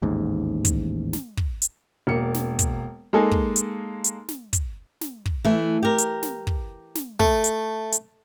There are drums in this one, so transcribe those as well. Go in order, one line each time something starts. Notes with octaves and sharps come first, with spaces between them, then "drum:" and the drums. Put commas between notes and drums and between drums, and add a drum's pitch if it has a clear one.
A1 D#2 G#2
drum: kick, hi-hat
drum: snare
drum: kick
drum: hi-hat
E1 A#3 C#7
drum: snare
drum: kick, hi-hat
G#3 A#3 D#4 A4 G#5
drum: kick
drum: hi-hat
drum: hi-hat
drum: snare
drum: kick, hi-hat
drum: snare
drum: kick
E3 A3
G4 A#4
drum: hi-hat
drum: snare
drum: kick
drum: snare
A3, drum: kick
drum: hi-hat
drum: hi-hat